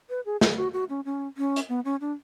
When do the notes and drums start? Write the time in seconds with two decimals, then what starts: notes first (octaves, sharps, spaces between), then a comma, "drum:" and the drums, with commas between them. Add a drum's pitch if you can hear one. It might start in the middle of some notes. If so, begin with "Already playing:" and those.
0.09 B4
0.26 G#4
0.41 G#4, drum: snare
0.57 F#4
0.73 F#4
0.89 C#4
1.05 C#4
1.37 C#4
1.56 drum: hi-hat
1.69 B3
1.85 C#4
2.01 D4